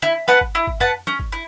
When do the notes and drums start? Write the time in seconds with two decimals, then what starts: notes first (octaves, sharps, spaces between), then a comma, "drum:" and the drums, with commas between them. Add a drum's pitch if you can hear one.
0.02 E4, drum: tom
0.28 B4 F#5 A5, drum: snare
0.41 drum: kick
0.55 E4
0.67 drum: kick
0.80 B4 F#5 A5, drum: tom
1.07 C#4, drum: snare
1.19 drum: kick
1.32 E4